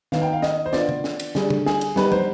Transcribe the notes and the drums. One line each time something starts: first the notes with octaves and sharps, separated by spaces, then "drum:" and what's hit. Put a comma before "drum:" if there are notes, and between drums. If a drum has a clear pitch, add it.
D#3 B3 D#4 F5, drum: snare
G5
F5
D#5, drum: snare
C5
B3 D4 F4 D5, drum: snare
drum: tom
drum: snare
drum: cymbal
D3 G3 D4 G#4, drum: snare
drum: tom
G#4, drum: snare
drum: cymbal
G3 B3 D#4 B4, drum: snare
C5, drum: tom